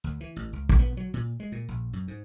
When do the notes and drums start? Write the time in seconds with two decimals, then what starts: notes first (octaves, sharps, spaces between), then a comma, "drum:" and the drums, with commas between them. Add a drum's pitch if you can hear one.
0.04 D2
0.21 E3
0.36 A1
0.53 C#2
0.69 drum: kick A#1
0.79 B3
0.97 F#3
1.14 A#2
1.40 G#3
1.52 A#2
1.68 A#1
1.93 F#2
2.08 G#2